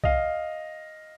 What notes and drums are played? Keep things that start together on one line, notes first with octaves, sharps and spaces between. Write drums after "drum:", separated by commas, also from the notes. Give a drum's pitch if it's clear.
D#5 F5, drum: kick B1